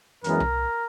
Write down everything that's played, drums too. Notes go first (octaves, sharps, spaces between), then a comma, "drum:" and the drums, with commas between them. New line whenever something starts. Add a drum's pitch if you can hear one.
F#2 E3 G#3 B3 A#4, drum: hi-hat
drum: tom C2